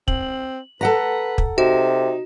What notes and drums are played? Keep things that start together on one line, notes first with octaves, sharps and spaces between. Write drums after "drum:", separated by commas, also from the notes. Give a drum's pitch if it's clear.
C4 F#7, drum: kick
A4 B4 F#5 A#5
drum: kick
C3 D#4 F#4